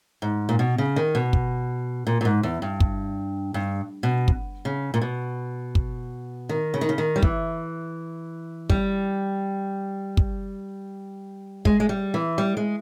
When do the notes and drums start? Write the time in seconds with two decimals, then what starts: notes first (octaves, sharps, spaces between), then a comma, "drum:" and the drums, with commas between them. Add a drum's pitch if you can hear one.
0.22 G#2
0.49 A#2
0.59 B2
0.78 C#3
0.96 D#3
1.15 B2
1.33 drum: kick
2.07 A#2
2.21 A#2
2.25 G#2
2.43 E2
2.62 G2
2.80 drum: kick
3.54 G2
4.03 B2
4.28 drum: kick
4.65 C#3
4.94 A#2
5.01 B2
5.75 drum: kick
6.49 D#3
6.74 C#3
6.81 D#3
6.89 C#3
6.98 D#3
7.16 G3
7.23 E3, drum: kick
8.70 G3, drum: kick
10.17 drum: kick
11.65 G#3, drum: kick
11.80 G#3
11.89 G3
12.14 E3
12.38 G3
12.57 G#3